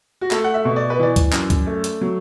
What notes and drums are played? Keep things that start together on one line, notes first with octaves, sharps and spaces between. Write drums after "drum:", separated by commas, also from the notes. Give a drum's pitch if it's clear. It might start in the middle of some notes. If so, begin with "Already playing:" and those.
F#4
A3 A4, drum: clap
F#5
E5
B2
D5
B4
E3 D5
drum: kick D2, hi-hat
F#2, drum: clap
drum: kick D2, hi-hat
A3
drum: hi-hat
F#3